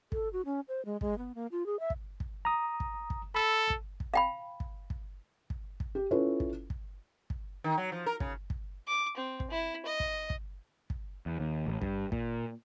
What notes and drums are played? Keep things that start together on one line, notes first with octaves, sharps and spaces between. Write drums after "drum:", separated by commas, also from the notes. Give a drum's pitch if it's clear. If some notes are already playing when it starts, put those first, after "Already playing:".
A4, drum: kick
F#4
C#4
C5
G#3
G#3, drum: kick
B3
A#3
F4
G#4
E5
drum: kick
drum: kick
A#5 D#6
drum: kick
drum: kick
A4 B5 E6
drum: kick
drum: kick
F5 G5 B5
drum: kick
drum: kick
drum: kick
drum: kick
G4
C#4 E4 F4 A4 B4 C#5
drum: kick
drum: kick
drum: kick
D#3
F#3
F3
A#4
C#3, drum: kick
drum: kick
D6
C4
drum: kick
E4
D#5
drum: kick
drum: kick
drum: kick
E2
D#2
A1
G2, drum: kick
A#2, drum: kick